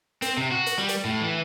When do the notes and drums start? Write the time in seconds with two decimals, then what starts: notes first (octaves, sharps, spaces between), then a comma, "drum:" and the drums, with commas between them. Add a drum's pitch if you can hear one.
0.22 C4, drum: hi-hat
0.37 C3
0.51 F#4
0.66 drum: hi-hat
0.78 G3
0.89 drum: hi-hat
1.05 A2
1.22 E3